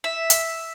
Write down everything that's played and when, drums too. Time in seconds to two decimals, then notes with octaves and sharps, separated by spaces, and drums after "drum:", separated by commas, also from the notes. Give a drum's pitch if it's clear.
0.04 E5
0.30 drum: hi-hat